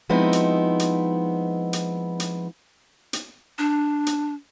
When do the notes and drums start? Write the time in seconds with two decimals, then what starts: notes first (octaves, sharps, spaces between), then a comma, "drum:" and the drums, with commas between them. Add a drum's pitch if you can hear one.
0.09 F3 G#3 B3 C4 D#4 E4
0.33 drum: hi-hat
0.79 drum: hi-hat
1.73 drum: hi-hat
2.20 drum: hi-hat
3.13 drum: hi-hat
3.59 D4
4.06 drum: hi-hat